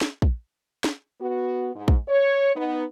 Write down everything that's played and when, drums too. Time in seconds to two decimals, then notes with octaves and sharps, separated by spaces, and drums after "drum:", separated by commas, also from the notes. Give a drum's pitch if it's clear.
0.01 drum: snare
0.22 drum: kick
0.84 drum: snare
1.21 B3 F#4
1.75 G#2
1.88 drum: kick
2.09 C#5
2.56 B3 D#4